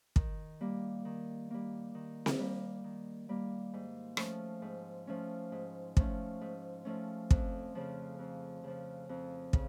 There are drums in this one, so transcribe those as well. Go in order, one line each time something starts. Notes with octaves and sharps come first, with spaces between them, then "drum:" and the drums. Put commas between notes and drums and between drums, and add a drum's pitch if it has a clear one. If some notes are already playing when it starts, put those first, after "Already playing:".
D#3, drum: kick
G3 A#3
D#3
G3 A#3
D#3
drum: snare C4
G3 A#3
D#3
G3 A#3
G#2
F3 A3 C#4, drum: rim click
G#2
F3 A3 C#4
G#2
F3 A3 C#4, drum: kick
G#2
F3 A3 C#4
F2, drum: kick
C#3 F3
F2
C#3 F3
F2
C#3, drum: kick